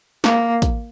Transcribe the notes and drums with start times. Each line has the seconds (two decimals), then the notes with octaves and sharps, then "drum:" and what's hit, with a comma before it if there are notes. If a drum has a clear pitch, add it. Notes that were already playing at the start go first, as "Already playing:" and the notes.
0.24 A#3, drum: snare
0.62 drum: kick, hi-hat